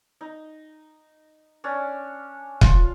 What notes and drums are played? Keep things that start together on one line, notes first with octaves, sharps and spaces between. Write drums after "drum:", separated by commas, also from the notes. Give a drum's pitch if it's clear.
D#4
C#4 D4
F4, drum: kick